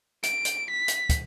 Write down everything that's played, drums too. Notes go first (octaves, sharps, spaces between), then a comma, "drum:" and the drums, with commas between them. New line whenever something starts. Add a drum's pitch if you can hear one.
D7, drum: hi-hat
drum: hi-hat
B6
drum: hi-hat
drum: kick, hi-hat